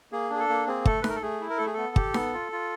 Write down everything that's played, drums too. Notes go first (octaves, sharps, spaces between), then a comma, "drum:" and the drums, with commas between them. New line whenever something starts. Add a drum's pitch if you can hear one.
A#3 G#4
D4 G#4
A4
A#3
C4 G#4
A3 A4, drum: kick
B4
A3 A#4, drum: snare D#4
A4
A3 G#4
E4
A#4
A3 A4
G#4
B3 A4
G4, drum: kick
B3, drum: snare D#4
F4
F4